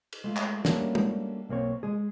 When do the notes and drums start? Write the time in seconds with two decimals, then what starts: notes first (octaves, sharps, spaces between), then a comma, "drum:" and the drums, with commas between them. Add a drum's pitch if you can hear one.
0.13 drum: cymbal
0.24 G#3 A3 F4
0.36 drum: clap
0.65 G3 A3 A#3 C#4 D4 F#4, drum: snare
0.95 drum: tom
1.49 B1 A#3 C4 C#5
1.83 G#3 G#4